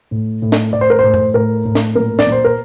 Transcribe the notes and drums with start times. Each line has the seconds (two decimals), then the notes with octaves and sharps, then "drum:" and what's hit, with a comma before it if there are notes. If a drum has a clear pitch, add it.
0.11 A2
0.42 A2
0.52 drum: snare
0.73 A2 D5
0.81 C5
0.90 A#4
0.99 A2 C5
1.14 drum: tom F#2
1.34 A2 A#4
1.65 A2
1.75 drum: snare
1.95 A#2 A#4
2.19 D5, drum: snare
2.27 A#2
2.32 C5
2.45 A#4